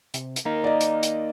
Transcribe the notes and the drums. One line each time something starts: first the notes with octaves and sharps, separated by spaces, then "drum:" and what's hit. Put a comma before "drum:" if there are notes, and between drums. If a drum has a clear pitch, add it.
C3, drum: hi-hat
drum: hi-hat
A#3 D#4 A#4
D5 D#5
drum: hi-hat
drum: hi-hat